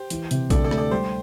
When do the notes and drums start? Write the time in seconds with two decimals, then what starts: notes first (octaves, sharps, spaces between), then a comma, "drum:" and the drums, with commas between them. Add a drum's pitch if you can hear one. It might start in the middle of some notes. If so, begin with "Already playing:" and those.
Already playing: G4 C5
0.10 E3, drum: hi-hat
0.31 C3, drum: hi-hat
0.50 D2 A4 D5, drum: kick A#1, hi-hat
0.64 A4 D5
0.71 A3, drum: rim click
0.78 A4 D5
0.91 G3 G4 C5